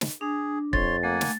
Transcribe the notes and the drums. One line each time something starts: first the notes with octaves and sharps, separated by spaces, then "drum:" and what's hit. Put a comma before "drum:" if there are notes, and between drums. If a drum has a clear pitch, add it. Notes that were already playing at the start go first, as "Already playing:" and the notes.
drum: snare
D4 G#4
F2 C#5 C6 A6, drum: kick
A3 A#3 F#5 G#5
drum: snare